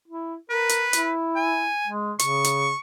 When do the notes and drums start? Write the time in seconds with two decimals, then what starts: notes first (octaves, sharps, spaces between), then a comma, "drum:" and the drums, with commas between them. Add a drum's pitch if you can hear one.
0.08 E4
0.50 A#4 B4
0.69 drum: hi-hat
0.93 E4, drum: hi-hat
1.36 G#5
1.87 G#3
2.19 C#3 C#6, drum: hi-hat
2.44 drum: hi-hat